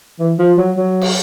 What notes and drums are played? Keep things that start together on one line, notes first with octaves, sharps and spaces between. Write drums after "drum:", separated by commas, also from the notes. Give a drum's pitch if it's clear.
E3
F3
F#3
F#3
drum: cymbal